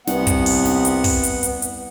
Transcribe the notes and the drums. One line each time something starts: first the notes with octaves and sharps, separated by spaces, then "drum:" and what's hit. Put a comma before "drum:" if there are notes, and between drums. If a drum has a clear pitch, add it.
C2 B3 F#5, drum: snare
drum: kick, hi-hat
drum: open hi-hat
drum: snare
drum: hi-hat
drum: kick, open hi-hat
drum: hi-hat
drum: hi-hat
drum: hi-hat